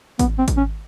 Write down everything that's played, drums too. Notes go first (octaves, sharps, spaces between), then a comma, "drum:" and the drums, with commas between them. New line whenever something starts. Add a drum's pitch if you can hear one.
B3, drum: kick G#1, hi-hat
C4
drum: kick G#1, hi-hat
C#4